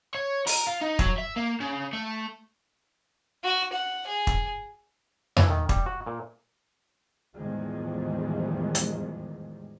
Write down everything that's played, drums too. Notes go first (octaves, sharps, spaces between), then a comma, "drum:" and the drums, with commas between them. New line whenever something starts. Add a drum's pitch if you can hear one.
C#5
A#4, drum: open hi-hat
F4
D#4
F#3, drum: kick
E5
A#3
C#3
A3
F#4
F#5
G#4
drum: kick
E3, drum: tom E2
D#3
G3, drum: kick
F#4
A#2
E2 A2 D#3 F3 G3 G#3
drum: hi-hat